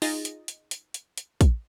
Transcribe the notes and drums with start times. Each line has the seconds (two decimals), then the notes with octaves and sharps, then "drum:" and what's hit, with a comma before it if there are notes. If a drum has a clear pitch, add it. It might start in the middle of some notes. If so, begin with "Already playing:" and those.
0.02 D#4 F4 G#4 D#5 A6 A#6, drum: open hi-hat
0.25 drum: hi-hat
0.48 drum: hi-hat
0.71 drum: hi-hat
0.94 drum: hi-hat
1.18 drum: hi-hat
1.41 drum: kick, hi-hat